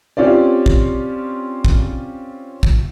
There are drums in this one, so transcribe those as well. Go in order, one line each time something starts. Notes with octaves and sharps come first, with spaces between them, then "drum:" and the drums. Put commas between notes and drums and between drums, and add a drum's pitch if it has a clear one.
C4 C#4 F4 G4 D5
drum: kick
drum: kick
drum: kick